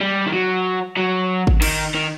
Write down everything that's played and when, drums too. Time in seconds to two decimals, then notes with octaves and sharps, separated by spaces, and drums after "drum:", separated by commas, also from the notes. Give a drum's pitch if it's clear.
0.01 G3
0.26 D#3
0.33 F#3
0.97 F#3
1.47 drum: kick G#1
1.62 D#3, drum: cymbal
1.95 D#3